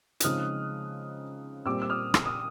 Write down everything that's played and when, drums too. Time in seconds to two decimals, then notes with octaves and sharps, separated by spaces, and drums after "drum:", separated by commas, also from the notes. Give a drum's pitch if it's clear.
0.20 F#6, drum: hi-hat
0.24 C#3 F3 G#3 C4 D#4 D#6 F6
1.65 A#2 G3 C4 D6 E6
1.82 E6
1.90 D#6 F6
2.14 E6, drum: rim click
2.25 D#6